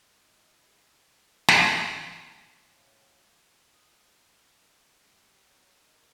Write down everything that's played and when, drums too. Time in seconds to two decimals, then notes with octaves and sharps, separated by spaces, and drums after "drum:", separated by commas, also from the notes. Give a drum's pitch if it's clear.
0.18 F3 E4 D#5
0.63 G#3
1.48 drum: snare
2.68 A2 D3 F3 E5
3.74 D#6
5.00 G#1 G3
5.46 B2 F#3
5.78 A#2 D3 D#4 G#4 A#4